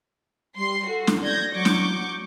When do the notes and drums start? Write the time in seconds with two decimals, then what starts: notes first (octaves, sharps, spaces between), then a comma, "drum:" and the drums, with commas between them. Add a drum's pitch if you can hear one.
0.56 G3 C6 C7
0.88 F#4 A4
1.07 drum: snare
1.21 D5 G6 G#6 A#6
1.54 F#3 C#6 D6 G6
1.65 drum: snare